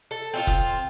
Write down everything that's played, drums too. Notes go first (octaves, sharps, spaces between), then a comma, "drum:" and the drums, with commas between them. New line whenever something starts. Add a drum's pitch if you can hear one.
A4
C4 E4 F4
drum: kick